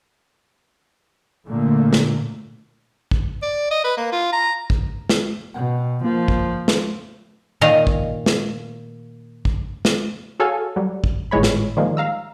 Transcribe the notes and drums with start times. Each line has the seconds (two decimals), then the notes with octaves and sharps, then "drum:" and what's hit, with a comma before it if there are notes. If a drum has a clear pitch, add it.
1.47 A#2 D3 A3 A#3
1.93 drum: snare
3.11 drum: kick
3.43 D5
3.71 D#5
3.84 B4
3.97 A#3
4.12 F4
4.33 A#5
4.70 drum: kick
5.09 drum: snare
5.54 B2 F#5 G5
6.04 F3 A#3 F4
6.28 drum: kick
6.68 drum: snare
7.61 A#2 D#3 D#5 F5
7.87 drum: kick
8.26 drum: snare
9.45 drum: kick
9.85 drum: snare
10.40 F#4 G#4 A4 C#5 F5 G#5
10.76 F#3 G3
11.04 drum: kick
11.31 G#1 A2 E3 G#3 C#5 B5
11.43 drum: snare
11.77 D#3 F3 G3 G#3 A#3
11.97 F5 A#5 E6